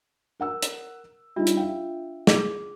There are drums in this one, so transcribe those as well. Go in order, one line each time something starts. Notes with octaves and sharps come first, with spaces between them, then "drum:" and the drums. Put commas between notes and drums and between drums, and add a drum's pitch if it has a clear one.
A#4 F#5 E6
drum: hi-hat
G3 D4 D#4 F4 E5
drum: hi-hat
E5 F5 G5
G#4 D6, drum: snare